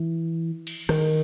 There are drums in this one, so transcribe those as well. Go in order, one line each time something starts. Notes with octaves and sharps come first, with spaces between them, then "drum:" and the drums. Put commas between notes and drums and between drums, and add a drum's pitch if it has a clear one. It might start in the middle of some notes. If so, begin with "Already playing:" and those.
Already playing: E3
drum: cymbal
D#3, drum: rim click